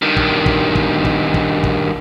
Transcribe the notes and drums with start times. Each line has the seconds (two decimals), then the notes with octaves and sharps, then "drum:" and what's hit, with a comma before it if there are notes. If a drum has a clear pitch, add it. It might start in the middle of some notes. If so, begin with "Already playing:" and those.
0.02 G2 D#3
0.17 drum: kick
0.46 drum: kick
0.75 drum: kick
1.05 drum: kick
1.34 drum: kick
1.63 drum: kick